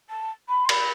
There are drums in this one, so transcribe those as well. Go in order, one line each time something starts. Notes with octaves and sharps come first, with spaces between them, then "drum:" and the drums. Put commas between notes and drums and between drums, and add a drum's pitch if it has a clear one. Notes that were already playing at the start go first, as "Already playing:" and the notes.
A5
B5
C6
B5, drum: cymbal